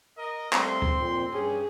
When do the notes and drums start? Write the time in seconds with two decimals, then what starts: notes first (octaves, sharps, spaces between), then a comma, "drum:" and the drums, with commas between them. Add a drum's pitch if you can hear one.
0.18 A#4 D#5
0.53 G3 A3 C4 F5 C6, drum: clap
0.82 drum: kick D2
0.94 F2 A#2
1.32 G2 C#4 G4 G#4